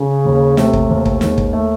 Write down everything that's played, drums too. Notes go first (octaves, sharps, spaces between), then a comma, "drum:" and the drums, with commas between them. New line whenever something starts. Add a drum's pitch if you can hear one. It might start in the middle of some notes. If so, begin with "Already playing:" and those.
Already playing: C#3
D#2
C3 A3, drum: snare
drum: kick
D#2
drum: kick
D#2 G#2, drum: snare
drum: kick
A3